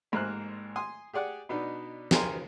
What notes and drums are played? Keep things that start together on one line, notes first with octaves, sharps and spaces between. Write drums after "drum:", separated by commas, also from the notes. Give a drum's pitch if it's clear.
A1 G#2 A#3 C5 F6 F#6
G#5 C6 D#6
G4 G#4 D5 F#5
B2 B3 D4 D#4
G4 G#4 A#4 G#5 A#5 C6, drum: snare